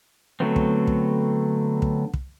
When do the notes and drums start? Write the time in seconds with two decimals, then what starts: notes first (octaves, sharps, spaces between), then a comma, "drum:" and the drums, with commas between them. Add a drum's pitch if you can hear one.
0.40 D3 F#3 A3 B3 C4
0.56 drum: kick
0.87 drum: kick
1.82 drum: kick
2.14 drum: kick